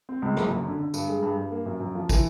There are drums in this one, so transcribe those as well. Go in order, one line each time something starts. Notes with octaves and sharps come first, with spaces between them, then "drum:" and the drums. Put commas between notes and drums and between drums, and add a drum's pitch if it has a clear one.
C4
C#2
F#1, drum: rim click
F#2
D3
D3
G2, drum: tambourine
G#3
G2
G2
A#3
F#2
F#2
F3
E3, drum: kick, tambourine